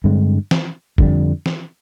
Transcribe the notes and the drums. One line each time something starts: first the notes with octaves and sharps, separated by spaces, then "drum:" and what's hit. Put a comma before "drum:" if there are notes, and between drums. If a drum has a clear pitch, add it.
G2 D3 G#3 C4
drum: snare
F2 D3 G3, drum: kick
drum: snare